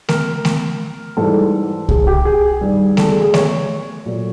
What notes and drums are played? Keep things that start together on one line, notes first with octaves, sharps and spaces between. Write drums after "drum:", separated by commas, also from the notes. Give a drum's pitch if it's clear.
A#4, drum: snare A3
drum: snare A3
G#2 E3 G3 A4
G#4, drum: kick C2
G4
G#4
G2 D#3 G3
A4, drum: snare A3
G#4
G#4
C#5, drum: snare A3
A#2 F#3 A3